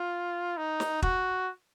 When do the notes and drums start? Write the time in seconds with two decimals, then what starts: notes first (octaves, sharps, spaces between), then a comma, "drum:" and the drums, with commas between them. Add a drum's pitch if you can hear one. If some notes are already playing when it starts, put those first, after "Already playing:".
Already playing: F4
0.57 D#4
0.80 drum: snare
1.02 F#4, drum: kick